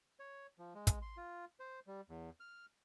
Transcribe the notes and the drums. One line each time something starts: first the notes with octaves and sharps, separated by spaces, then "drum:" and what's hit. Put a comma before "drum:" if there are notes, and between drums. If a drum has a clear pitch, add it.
C#5
F3
G#3
drum: kick, hi-hat
C6
F4
C5
G3
E2
F6